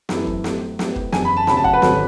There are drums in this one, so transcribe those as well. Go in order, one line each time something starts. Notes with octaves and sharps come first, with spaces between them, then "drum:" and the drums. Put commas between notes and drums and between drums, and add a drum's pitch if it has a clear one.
F#2 E3 A3 E4, drum: snare
drum: kick
A2 F#3 A3, drum: snare
A2 F#3 B3 E4, drum: snare
drum: kick
F#1 E2 B2 G#5, drum: snare
B5
A5
D2 C#3 F#3 B5, drum: snare
A5
F#5, drum: kick
B4
G#1 D3 F#3 C#4, drum: snare